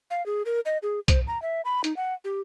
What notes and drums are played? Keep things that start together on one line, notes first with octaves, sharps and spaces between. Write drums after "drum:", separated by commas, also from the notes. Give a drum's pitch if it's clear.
F5
G#4
A#4
D#5
G#4
C5, drum: kick, hi-hat
A#5
E5
B5
D#4, drum: hi-hat
F#5
G4